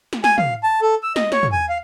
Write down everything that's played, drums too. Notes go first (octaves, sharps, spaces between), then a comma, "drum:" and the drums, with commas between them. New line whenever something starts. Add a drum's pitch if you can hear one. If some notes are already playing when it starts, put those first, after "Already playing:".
drum: snare
G#5, drum: snare
F5, drum: tom
A5
A4
E6
D#5, drum: snare
C#5, drum: snare
drum: tom
G#5
F5